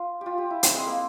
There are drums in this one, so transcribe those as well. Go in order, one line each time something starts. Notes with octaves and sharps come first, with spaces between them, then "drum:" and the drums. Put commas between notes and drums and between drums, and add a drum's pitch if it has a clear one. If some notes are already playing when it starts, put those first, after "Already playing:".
Already playing: F4
F4 G4
G4
E4
C4, drum: hi-hat
G#3
A#3